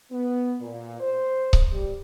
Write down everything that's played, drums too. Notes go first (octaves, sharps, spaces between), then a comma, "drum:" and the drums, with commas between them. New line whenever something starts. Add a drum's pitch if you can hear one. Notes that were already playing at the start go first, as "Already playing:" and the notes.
B3
A#2
C5
drum: kick C#1
G3